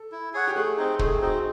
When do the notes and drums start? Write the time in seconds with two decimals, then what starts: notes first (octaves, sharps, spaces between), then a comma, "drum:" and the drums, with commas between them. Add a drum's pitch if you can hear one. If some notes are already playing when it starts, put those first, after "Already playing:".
Already playing: A4
0.12 E4
0.33 G#4 C#5 F#5
0.47 G4
0.56 A3 G#4
0.77 C4 D#4
0.99 A3 G#4, drum: kick
1.21 C4 D#4 F#4